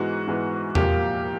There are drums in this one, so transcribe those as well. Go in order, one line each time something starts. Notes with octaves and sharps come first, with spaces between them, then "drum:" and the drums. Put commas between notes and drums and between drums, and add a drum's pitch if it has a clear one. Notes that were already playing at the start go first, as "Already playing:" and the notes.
Already playing: G#2 E3 G#3 B3 F#4
G#2 E3 G#3 B3
C2 A#2 F3 A#3 G4, drum: tom E2